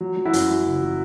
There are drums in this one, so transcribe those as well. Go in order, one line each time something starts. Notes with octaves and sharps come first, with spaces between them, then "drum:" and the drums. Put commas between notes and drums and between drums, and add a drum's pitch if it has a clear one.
F#3
F#3
E4 F#4
F#2, drum: hi-hat
F#3
F#1
F#3